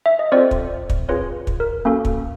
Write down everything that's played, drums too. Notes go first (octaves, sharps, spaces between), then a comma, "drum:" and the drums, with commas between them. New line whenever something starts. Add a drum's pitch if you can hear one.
E5
D#5
C4 F4 A4 C5 D5
drum: kick
drum: kick
C4 F4 G#4 B4 C#5
drum: kick
A#4
A#3 C#4 F#4 A4
drum: kick